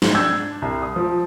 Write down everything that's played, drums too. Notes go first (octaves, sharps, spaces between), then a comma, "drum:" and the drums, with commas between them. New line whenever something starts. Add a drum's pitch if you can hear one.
G#2, drum: snare
D4 E6 G6 G#6
C2
D#6
F3